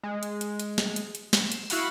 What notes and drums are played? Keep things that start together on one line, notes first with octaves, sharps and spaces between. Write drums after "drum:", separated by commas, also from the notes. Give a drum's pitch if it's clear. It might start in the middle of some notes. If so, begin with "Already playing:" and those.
G#3
drum: hi-hat
drum: hi-hat
drum: hi-hat
drum: snare
drum: hi-hat
drum: hi-hat
C7 E7, drum: snare
drum: hi-hat
E4 F#4 F5 F#5 B5, drum: open hi-hat